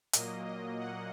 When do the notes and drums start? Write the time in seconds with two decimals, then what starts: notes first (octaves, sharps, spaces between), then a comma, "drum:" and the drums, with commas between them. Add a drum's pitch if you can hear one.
0.13 A#2 F#3 A#3 D#5, drum: hi-hat
0.46 D#5
0.79 F#5